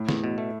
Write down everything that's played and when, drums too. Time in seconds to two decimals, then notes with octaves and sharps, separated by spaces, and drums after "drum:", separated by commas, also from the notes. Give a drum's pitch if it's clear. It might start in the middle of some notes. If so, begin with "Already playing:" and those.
Already playing: A2
0.09 E2, drum: snare
0.24 B2
0.38 A3